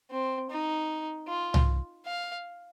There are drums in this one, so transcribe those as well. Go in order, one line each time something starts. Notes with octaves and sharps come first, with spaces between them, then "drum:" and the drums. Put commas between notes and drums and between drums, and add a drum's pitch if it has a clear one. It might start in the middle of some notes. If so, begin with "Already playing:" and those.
C4
D#4
F4
drum: tom C2
F5